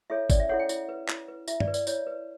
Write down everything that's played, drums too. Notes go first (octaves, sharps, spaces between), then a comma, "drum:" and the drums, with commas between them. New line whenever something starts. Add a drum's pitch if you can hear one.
E4 A4 C#5 E5
C#4 D5, drum: kick G1, tambourine
E5
E4 A4 C#5 F#5
G5
E4, drum: tambourine
B4
E4, drum: clap
B4
E4 E5, drum: tambourine
D5, drum: tom
B4
D5, drum: tambourine
E4 C#5, drum: tambourine
B4